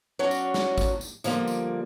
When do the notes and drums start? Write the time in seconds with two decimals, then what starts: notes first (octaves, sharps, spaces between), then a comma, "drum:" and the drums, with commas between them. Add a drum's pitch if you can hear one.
0.19 F#3 C#4 D4 F#4
0.31 drum: tambourine
0.54 drum: snare
0.78 drum: kick, tambourine
1.01 drum: tambourine
1.24 D3 F3 G3 A#3, drum: tambourine
1.47 drum: tambourine